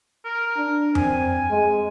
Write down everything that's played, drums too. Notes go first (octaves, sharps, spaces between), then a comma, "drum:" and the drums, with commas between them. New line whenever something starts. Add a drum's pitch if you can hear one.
A#4
D4
C4 G#5, drum: tom F2
G#3